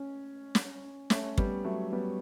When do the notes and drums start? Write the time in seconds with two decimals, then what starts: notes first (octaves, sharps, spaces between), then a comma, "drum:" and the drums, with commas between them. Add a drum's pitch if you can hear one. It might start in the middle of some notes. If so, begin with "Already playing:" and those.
Already playing: C#4
0.55 drum: snare
1.10 A3 C#4, drum: snare
1.38 G3 B3, drum: kick
1.64 F#3 A3
1.92 G3 B3